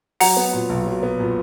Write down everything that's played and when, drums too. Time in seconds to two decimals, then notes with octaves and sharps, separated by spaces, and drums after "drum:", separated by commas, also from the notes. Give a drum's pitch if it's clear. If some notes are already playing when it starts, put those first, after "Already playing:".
0.20 F#3 F#5 A#5, drum: open hi-hat
0.37 B3
0.54 A#2
0.69 B1
0.87 F#3
1.03 B3
1.20 A#2